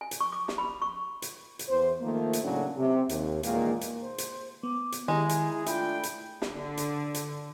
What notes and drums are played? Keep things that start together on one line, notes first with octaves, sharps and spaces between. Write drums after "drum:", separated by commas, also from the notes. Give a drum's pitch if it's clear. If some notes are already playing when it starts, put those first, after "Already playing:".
G#5
drum: hi-hat
C#6
D6
drum: snare
B5
C#6
drum: hi-hat
drum: hi-hat
E2 C5
D#3 F3 A3 A#3
drum: hi-hat
A2 C#3 F#3 C#4 D4 F#4
C3
D#2, drum: hi-hat
E2 A#2 D#3 G#3 A#3, drum: hi-hat
drum: hi-hat
C5
drum: hi-hat
B3 D6
drum: hi-hat
D#3 G#3 D#4 E4 G4 G#4 G#5
drum: hi-hat
A3 D4 E4 F4 E5 G5 B5, drum: hi-hat
drum: hi-hat
D3, drum: snare
drum: hi-hat
drum: hi-hat